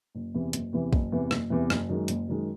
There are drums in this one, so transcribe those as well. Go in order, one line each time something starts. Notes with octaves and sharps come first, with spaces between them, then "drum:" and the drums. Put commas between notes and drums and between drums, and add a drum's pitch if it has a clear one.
F#1
E2 C3 E3
F#1, drum: hi-hat
E2 C3 E3
F#1, drum: kick A#1
E2 C3 E3
F#1, drum: rim click
E2 C3 E3
F#1, drum: rim click
F#2 D#3 G#3
F#1, drum: hi-hat
F#2 D#3 G#3